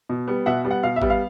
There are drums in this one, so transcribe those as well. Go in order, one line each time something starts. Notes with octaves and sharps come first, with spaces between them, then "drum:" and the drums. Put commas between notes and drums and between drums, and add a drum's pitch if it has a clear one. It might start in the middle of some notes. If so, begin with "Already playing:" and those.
B2
G3 B3
B2 E5 F#5
G3 B3
F#5
B2 F5
E5
G3 B3, drum: kick G#1
F5